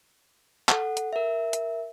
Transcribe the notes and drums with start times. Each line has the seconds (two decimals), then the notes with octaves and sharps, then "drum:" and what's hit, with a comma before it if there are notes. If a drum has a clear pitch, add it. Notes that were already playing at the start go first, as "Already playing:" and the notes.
0.69 A4 F#5, drum: clap
0.97 drum: hi-hat
1.13 A#4 E5
1.53 drum: hi-hat